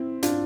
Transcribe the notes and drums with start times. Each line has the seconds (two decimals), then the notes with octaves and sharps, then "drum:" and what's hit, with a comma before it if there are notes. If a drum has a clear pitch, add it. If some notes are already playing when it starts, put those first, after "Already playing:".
Already playing: C4 E4
0.23 D4 F4, drum: hi-hat